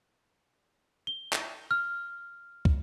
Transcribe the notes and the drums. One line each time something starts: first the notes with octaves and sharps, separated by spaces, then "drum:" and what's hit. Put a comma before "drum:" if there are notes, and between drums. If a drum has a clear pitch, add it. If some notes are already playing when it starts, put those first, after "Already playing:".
G7
drum: clap
F6
drum: kick